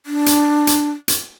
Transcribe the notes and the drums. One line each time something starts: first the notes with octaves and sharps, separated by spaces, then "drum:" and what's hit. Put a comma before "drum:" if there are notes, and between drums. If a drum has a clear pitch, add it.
D4
drum: hi-hat
drum: hi-hat
drum: hi-hat